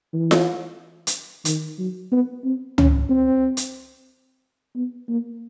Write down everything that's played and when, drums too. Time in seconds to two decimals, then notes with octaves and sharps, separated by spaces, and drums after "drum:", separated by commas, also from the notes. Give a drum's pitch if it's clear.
0.13 E3
0.31 drum: snare F4
1.07 drum: hi-hat
1.45 D#3, drum: hi-hat
1.78 F#3
2.12 B3
2.44 C4
2.78 C#4, drum: tom C#2
3.10 C4
3.57 drum: hi-hat
4.76 B3
5.08 A#3